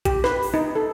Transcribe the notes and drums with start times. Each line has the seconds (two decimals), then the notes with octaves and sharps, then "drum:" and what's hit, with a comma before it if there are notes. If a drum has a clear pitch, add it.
0.05 G4, drum: kick A#1, hi-hat
0.24 B4, drum: snare
0.43 drum: open hi-hat
0.54 D#4
0.75 A4